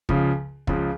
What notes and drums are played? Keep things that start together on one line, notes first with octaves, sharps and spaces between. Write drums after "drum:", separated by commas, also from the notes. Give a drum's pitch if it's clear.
C#2 C#3 F3, drum: kick
C#2 C#3 F3, drum: kick